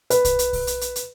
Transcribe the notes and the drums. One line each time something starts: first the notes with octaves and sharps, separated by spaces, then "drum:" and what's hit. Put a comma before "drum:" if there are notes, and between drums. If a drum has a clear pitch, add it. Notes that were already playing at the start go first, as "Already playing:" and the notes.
B4, drum: hi-hat
drum: kick, hi-hat
drum: hi-hat
drum: kick, open hi-hat
drum: hi-hat
drum: hi-hat
drum: hi-hat